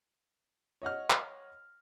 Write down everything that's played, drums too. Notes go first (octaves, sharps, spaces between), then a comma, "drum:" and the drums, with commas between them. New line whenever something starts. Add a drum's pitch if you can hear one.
C#5 D#5 F#5 F6
drum: clap